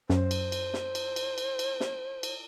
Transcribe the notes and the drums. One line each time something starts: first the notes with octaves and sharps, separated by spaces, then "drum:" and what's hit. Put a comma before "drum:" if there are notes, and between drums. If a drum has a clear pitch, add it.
F#2 C5, drum: snare
drum: cymbal
drum: cymbal
drum: snare
drum: cymbal
drum: cymbal
drum: cymbal
drum: cymbal
drum: snare
drum: cymbal